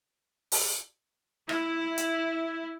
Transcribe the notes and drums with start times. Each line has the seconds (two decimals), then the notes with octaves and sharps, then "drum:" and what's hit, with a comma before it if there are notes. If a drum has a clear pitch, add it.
0.52 drum: open hi-hat
1.49 E4, drum: rim click
1.98 drum: hi-hat